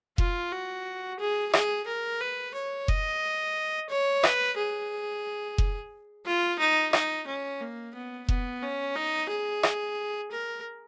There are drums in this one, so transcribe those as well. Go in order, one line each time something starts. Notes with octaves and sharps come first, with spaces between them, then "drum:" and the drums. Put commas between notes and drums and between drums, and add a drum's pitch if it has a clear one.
F4, drum: kick F1
F#4
G#4
G#4, drum: rim click
A#4
B4
C#5
D#5, drum: kick F1
C#5
B4, drum: rim click
G#4
drum: kick F1
F4
D#4
D#4, drum: rim click
C#4
A#3
B3
B3, drum: kick F1
C#4
D#4
G#4
drum: rim click
A#4